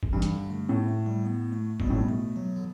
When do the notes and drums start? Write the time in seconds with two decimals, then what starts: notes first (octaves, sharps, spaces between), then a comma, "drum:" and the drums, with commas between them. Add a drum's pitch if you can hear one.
0.03 drum: kick
0.13 G2 E3
0.22 drum: hi-hat
0.32 D3
0.50 A3
0.69 A2 B3
0.88 A3
1.06 G3
1.25 B3
1.52 A3
1.80 B2 G3, drum: kick
1.87 F#3
1.90 A2
1.95 B2 G3
2.09 A3
2.36 F#3
2.56 D3